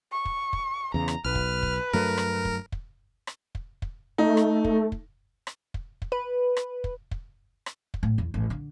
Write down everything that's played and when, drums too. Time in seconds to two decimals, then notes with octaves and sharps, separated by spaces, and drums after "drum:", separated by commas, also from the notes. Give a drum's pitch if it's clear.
0.12 C#6
0.25 drum: kick
0.53 drum: kick
0.94 E2 C#3 A#5
1.08 drum: rim click
1.25 B1 B4 F6
1.35 drum: kick
1.63 drum: kick
1.93 G2 F#3 A3 A#4
2.17 drum: rim click
2.45 drum: kick
2.72 drum: kick
3.27 drum: rim click
3.55 drum: kick
3.82 drum: kick
4.18 A3 D#4
4.37 drum: rim click
4.64 drum: kick
4.92 drum: kick
5.47 drum: rim click
5.74 drum: kick
6.02 drum: kick
6.12 B4
6.57 drum: rim click
6.84 drum: kick
7.11 drum: kick
7.66 drum: rim click
7.94 drum: kick
8.03 A2
8.18 E2
8.34 A1
8.50 D3